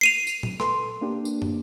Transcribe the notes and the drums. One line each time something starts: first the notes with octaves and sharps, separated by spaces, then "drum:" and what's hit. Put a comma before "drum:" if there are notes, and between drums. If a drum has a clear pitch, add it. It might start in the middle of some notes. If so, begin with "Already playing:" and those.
C7 D#7 F7
drum: tambourine
drum: tom A#2
A4 B4 C6, drum: rim click
A#3 D4 G4
drum: tambourine
drum: tom